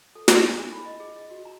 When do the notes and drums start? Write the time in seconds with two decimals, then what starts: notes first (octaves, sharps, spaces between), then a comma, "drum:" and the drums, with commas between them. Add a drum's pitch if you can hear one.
0.15 A4
0.28 C#6, drum: snare
0.48 E4
0.60 D4
0.73 B5
0.85 D#5
1.00 G#4
1.16 D#5
1.31 F#4
1.45 A#5